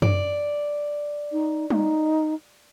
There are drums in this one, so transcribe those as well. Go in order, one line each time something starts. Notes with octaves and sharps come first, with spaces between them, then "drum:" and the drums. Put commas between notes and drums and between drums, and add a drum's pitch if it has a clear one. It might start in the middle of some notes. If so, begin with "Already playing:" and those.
D5, drum: tom F#2
D#4
D#4, drum: tom G3